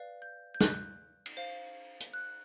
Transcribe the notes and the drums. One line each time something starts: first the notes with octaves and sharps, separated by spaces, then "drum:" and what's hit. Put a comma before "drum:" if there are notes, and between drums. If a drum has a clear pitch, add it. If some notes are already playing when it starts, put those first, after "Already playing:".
Already playing: B4 D5 F5
G6
G6
F#6, drum: snare
drum: cymbal
C5 F5
drum: hi-hat
F#6